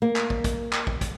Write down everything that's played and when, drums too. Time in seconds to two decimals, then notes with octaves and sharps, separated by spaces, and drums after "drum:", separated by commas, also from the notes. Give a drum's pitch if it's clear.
0.02 A#3
0.16 drum: clap
0.30 drum: kick
0.44 drum: kick, hi-hat
0.73 drum: clap
0.87 drum: kick
1.01 drum: kick, hi-hat